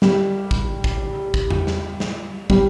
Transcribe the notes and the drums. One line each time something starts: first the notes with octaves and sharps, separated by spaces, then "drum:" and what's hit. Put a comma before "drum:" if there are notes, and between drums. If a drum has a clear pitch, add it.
G3, drum: snare
drum: kick
drum: kick
drum: kick
drum: tom E2
drum: snare
drum: snare
G3, drum: kick